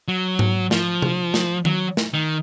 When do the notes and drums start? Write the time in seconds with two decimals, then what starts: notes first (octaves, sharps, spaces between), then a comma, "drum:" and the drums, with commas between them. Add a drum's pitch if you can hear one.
0.08 F#3
0.39 drum: tom G#2
0.71 F3, drum: snare
1.02 drum: tom C3
1.34 drum: snare
1.65 F#3, drum: tom D#3
1.97 drum: snare
2.13 D#3